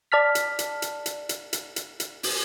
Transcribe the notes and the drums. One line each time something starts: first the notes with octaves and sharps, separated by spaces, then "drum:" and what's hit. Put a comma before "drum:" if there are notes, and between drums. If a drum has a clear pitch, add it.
D5 A5 F6 B6
drum: hi-hat
drum: hi-hat
drum: hi-hat
drum: hi-hat
drum: hi-hat
drum: hi-hat
drum: hi-hat
drum: hi-hat
drum: open hi-hat